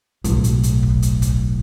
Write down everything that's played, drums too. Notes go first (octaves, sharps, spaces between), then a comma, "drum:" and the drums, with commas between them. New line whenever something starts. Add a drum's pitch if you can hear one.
B1 A2, drum: hi-hat
drum: hi-hat
drum: hi-hat
drum: kick
drum: hi-hat
drum: kick, hi-hat